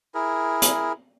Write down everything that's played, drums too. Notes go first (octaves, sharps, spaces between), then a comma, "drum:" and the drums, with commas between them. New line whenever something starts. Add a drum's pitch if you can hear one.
E4 G#4 A#4
drum: hi-hat